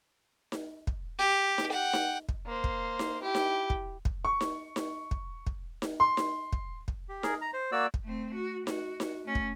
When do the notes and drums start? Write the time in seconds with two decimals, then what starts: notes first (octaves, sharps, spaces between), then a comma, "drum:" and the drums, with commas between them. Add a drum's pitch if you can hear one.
0.52 drum: snare D#4
0.87 drum: kick
1.19 G4
1.58 drum: snare D#4
1.72 F#5 G5
1.93 drum: snare D#4
2.29 drum: kick
2.46 A#3 C5
2.64 drum: kick
2.99 drum: snare D#4
3.22 E4 G4
3.35 drum: snare D#4
3.70 drum: kick
4.05 drum: kick
4.25 C#6
4.41 drum: snare D#4
4.76 drum: snare D#4
5.11 drum: kick
5.47 drum: kick
5.82 drum: snare D#4
6.00 C6
6.17 drum: snare D#4
6.53 drum: kick
6.88 drum: kick
7.09 G4
7.23 G#4 A#4, drum: snare D#4
7.41 A#5
7.54 C5
7.72 A#3 F#4 D5 E6
7.94 drum: kick
8.04 A3 C4
8.35 F#4
8.67 F#4, drum: snare D#4
9.00 drum: snare D#4
9.24 A3 C#4
9.35 drum: kick